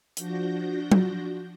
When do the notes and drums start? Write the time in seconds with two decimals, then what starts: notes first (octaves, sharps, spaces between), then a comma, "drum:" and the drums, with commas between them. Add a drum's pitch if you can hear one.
0.17 F3 D4 F#4 G6 A#6, drum: hi-hat
0.92 drum: tom F#3